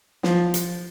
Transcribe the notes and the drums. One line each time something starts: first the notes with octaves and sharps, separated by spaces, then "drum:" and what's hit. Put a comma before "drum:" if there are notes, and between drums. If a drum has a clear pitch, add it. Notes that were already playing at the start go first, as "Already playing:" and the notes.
F3, drum: snare
drum: hi-hat